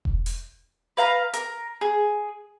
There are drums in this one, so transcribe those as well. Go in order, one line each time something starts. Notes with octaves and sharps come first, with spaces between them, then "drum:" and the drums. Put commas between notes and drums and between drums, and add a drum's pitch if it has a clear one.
drum: kick E1
drum: open hi-hat
B4 F5 A#5
A#4, drum: hi-hat
G#4